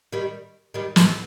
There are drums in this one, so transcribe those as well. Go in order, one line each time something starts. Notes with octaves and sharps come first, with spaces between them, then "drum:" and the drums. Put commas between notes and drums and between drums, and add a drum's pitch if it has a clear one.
D#3 G3
D#3 G3
A2, drum: snare